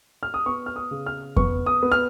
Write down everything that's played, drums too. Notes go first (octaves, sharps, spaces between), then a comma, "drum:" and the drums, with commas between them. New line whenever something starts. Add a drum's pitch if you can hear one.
F6
D#6
B3 C#6
F6
D#6
C#3
F6
B3 C#6, drum: kick F2
D#6
B3
F6